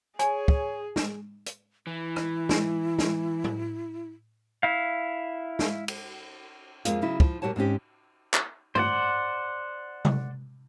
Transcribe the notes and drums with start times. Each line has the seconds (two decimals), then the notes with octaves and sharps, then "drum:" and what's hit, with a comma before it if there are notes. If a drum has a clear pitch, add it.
0.19 G#4 C#5 G#5, drum: hi-hat
0.48 drum: kick
0.96 drum: snare
1.46 drum: hi-hat
1.87 E3 E4
2.16 drum: rim click
2.49 drum: snare
2.99 drum: snare
3.44 drum: tom
4.63 E4 F5
5.59 drum: snare
5.88 drum: cymbal
6.85 F2 G#3 A#3 F4, drum: hi-hat
7.02 C#3 F#3 E4
7.20 F3, drum: kick
7.42 A#2 G3 F#4 C#5 A5
7.56 G#2 C4 C#4 G4
8.34 drum: clap
8.75 C5 D5 F#5, drum: tom
10.05 drum: tom C3